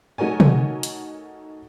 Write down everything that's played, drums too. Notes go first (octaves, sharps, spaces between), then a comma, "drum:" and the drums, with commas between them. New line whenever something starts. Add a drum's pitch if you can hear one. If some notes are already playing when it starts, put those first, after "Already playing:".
A3 D#4 F#4 A#4 C#5 G#5
drum: tom
drum: hi-hat